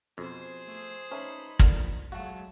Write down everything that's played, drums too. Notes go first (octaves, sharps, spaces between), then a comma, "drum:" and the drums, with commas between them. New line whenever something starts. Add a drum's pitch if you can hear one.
F2 B2 G#4 C5
A3
C#4 D#4 B4 E5 A5 B5
A#2 D3, drum: kick
F#3 G#3 A3 F#4 F5 F#5